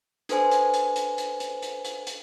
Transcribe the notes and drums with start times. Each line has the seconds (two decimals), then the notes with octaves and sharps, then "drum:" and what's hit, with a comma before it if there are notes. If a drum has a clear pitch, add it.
0.29 D4 A4 B4 C5 G#5, drum: hi-hat
0.51 drum: hi-hat
0.74 drum: hi-hat
0.96 drum: hi-hat
1.18 drum: hi-hat
1.40 drum: hi-hat
1.62 drum: hi-hat
1.85 drum: hi-hat
2.07 drum: hi-hat